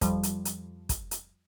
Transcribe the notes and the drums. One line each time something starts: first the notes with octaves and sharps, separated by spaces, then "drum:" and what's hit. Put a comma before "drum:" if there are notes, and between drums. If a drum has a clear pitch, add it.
F2 F3 G3, drum: kick, hi-hat
drum: hi-hat
drum: hi-hat
drum: kick, hi-hat
drum: hi-hat